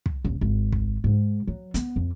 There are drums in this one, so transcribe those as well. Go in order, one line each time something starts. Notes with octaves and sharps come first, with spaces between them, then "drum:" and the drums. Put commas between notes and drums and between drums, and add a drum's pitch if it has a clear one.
drum: kick
D#1
G#1
drum: kick
G#2
F#3
B3, drum: hi-hat
F2